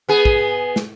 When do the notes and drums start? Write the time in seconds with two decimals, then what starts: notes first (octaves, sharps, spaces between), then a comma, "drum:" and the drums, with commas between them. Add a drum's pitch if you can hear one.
0.09 B3 G#4
0.25 drum: kick
0.76 drum: snare